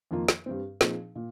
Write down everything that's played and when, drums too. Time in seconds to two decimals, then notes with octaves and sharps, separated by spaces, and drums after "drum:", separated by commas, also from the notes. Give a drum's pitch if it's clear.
0.11 F2 D#3 A#3 F4
0.28 drum: snare
0.46 G2 G3 C4
0.81 A#2 F3 C4 D#4 G#4, drum: snare
1.15 A#2